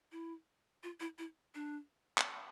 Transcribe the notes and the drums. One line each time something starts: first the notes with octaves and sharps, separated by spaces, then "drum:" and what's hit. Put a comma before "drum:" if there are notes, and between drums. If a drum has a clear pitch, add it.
E4
F4
E4
E4
D4
drum: clap